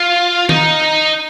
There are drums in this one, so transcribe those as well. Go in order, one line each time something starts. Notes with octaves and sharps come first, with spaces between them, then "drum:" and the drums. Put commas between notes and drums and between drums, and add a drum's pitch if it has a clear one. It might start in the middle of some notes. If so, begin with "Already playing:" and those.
Already playing: F4
D#4, drum: tom D#3